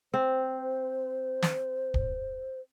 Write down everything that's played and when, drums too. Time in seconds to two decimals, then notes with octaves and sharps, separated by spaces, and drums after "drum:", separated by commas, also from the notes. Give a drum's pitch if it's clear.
0.14 C4 C5
1.42 drum: snare
1.94 drum: kick